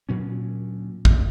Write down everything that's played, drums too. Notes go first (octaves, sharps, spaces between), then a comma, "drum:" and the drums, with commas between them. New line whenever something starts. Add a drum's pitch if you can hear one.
D2 A#2 F#3 C#4
drum: kick